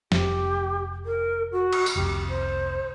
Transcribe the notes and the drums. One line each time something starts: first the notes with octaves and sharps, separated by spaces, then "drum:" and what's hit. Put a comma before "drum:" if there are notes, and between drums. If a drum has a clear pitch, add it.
F1 G4, drum: snare
A#4
F#4
drum: cymbal
drum: tambourine
F1 C2 G4
C5